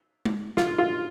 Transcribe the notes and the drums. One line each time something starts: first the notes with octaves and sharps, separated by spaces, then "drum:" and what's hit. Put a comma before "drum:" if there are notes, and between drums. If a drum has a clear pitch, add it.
drum: tom G#3
F4, drum: snare
F4